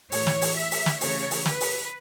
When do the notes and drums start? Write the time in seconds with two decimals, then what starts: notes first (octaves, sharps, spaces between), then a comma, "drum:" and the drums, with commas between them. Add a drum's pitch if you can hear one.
0.12 A2 E3 A3 C#5, drum: open hi-hat
0.27 drum: snare
0.41 drum: open hi-hat
0.56 E5
0.71 drum: open hi-hat
0.86 drum: snare
1.01 C#3 E3 A3 C#5, drum: open hi-hat
1.31 drum: open hi-hat
1.46 B4, drum: snare
1.60 drum: open hi-hat